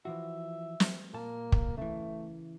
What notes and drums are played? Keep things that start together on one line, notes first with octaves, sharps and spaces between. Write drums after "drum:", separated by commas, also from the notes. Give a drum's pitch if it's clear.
E3 F3 F#4 E5
drum: snare
A#2 A#3 A5
drum: kick
C#3 E3 A3